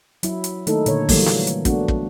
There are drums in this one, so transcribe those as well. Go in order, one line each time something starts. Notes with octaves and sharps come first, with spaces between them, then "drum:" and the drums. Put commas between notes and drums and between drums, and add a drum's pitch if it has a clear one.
F#3 E4, drum: hi-hat
drum: hi-hat
D#3 A3 A#3 D#4 E4 A4, drum: hi-hat
A#2 D3 C#5, drum: hi-hat
E3 F#3 G3 A3 A#3, drum: kick, open hi-hat
drum: snare
drum: hi-hat
A3 B3 D4 F#4, drum: kick, hi-hat
drum: kick